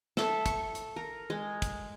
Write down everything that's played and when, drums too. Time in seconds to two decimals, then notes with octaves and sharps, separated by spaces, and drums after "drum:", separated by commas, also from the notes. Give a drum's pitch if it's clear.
0.17 A4 E5 A5, drum: snare
0.46 C#6, drum: kick, hi-hat
0.75 drum: hi-hat
0.96 A#4
1.30 G#3
1.62 drum: kick, hi-hat